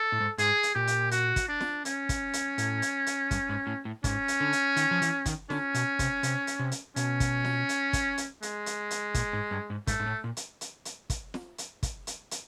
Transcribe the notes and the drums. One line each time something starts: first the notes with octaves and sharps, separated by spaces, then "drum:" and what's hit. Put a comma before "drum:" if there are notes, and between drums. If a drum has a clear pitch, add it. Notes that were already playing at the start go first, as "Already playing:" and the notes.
Already playing: A4
A2
G#2
G#2 G#4, drum: hi-hat
drum: hi-hat
A#2 G4
drum: hi-hat
F#4, drum: hi-hat
drum: kick, hi-hat
D4
drum: snare
C#4, drum: hi-hat
drum: kick, hi-hat
drum: hi-hat
A2, drum: hi-hat
drum: hi-hat
drum: hi-hat
G2, drum: kick, hi-hat
G#2
A2
A2
G#2 C#4, drum: kick, hi-hat
drum: hi-hat
D3
drum: hi-hat
D#3, drum: hi-hat
F3
E3, drum: hi-hat
D#3, drum: kick, hi-hat
D3 C#4, drum: snare
B2, drum: hi-hat
C3, drum: kick, hi-hat
C3, drum: hi-hat
drum: hi-hat
C3
drum: hi-hat
B2 C#4, drum: hi-hat
drum: kick, hi-hat
drum: snare
drum: hi-hat
drum: kick, hi-hat
drum: hi-hat
G#3, drum: hi-hat
drum: hi-hat
drum: hi-hat
A#2, drum: kick, hi-hat
G#2
G2
G#2
G#2 A3, drum: kick, hi-hat
G#2
A2
A#2
drum: hi-hat
drum: hi-hat
drum: hi-hat
drum: kick, hi-hat
drum: snare
drum: hi-hat
drum: kick, hi-hat
drum: hi-hat
drum: hi-hat